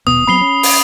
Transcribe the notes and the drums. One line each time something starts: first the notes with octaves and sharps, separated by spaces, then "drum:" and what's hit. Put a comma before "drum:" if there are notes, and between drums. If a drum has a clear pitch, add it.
D#1 B2 B3 D#6
F#3 B3 C4 B5 C7 G7
C#4
drum: open hi-hat